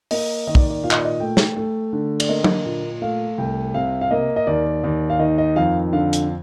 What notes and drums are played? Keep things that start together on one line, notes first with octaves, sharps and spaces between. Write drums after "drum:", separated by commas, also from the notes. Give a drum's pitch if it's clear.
A#3 D#5, drum: open hi-hat
D#3 D#5
D5, drum: kick
D5
A#2 F5
D#5, drum: clap
D5
D#5
A3 G5
drum: snare
A3
D3
D5, drum: cymbal
A#3 D#5
drum: tom F#3
A#2
A3 F5
C2 G5
C3 F5
F5
A#3 D#5
D#5
D#2 D5
D#2
F5
D#3 D#5
D#5
F2 F5
D3 F5
drum: hi-hat